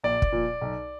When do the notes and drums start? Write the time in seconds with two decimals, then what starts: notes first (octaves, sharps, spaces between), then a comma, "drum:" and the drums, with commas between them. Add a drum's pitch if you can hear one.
0.04 A#1 D5
0.22 drum: kick
0.32 A#2 F3
0.61 B1